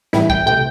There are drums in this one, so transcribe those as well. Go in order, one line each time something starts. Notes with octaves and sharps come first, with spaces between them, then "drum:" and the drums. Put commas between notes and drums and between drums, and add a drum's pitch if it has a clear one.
A2 E3 G3 E4, drum: snare
G5, drum: kick
C3 A3 G5